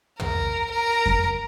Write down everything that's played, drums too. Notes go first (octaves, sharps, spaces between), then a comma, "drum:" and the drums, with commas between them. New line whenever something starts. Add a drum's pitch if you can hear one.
A#4, drum: tom
A#4
drum: kick F2